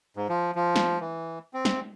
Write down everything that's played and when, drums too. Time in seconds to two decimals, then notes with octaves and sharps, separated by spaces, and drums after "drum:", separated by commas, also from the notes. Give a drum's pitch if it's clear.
0.16 G#2
0.29 F3
0.55 F3
0.76 drum: snare
1.01 E3
1.54 C4
1.65 drum: snare